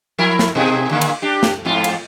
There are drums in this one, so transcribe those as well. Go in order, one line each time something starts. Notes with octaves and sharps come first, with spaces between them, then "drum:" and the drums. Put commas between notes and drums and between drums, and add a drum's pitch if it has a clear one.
F3 E4 A#4
drum: snare
B2 D#4 G#4
A#2 D3 A#3
drum: cymbal
D4 G4
drum: snare
F2 G#2 F4
drum: cymbal